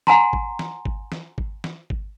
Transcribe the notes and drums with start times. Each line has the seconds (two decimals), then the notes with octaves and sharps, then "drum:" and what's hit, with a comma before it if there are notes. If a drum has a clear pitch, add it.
0.07 F#5 G#5 A#5 C6, drum: snare
0.33 drum: kick G#1
0.59 drum: snare
0.85 drum: kick G#1
1.12 drum: snare
1.38 drum: kick G#1
1.64 drum: snare
1.90 drum: kick G#1